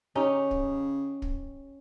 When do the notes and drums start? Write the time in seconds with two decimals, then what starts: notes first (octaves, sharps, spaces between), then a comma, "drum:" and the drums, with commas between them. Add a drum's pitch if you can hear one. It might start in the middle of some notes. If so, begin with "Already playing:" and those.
0.15 C#3 C#4 D#4 G4
0.51 drum: kick
1.22 drum: kick